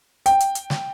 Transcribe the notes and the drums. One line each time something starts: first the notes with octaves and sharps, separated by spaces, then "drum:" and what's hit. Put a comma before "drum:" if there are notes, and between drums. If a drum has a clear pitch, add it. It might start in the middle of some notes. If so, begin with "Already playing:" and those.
G5, drum: hi-hat
drum: hi-hat
drum: hi-hat
drum: snare